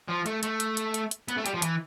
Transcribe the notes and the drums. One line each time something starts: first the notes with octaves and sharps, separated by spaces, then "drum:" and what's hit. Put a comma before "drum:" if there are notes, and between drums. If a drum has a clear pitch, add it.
F3
A3, drum: hi-hat
A3, drum: hi-hat
drum: hi-hat
drum: hi-hat
drum: hi-hat
drum: hi-hat
B3, drum: hi-hat
A3
G3, drum: hi-hat
F3
E3, drum: hi-hat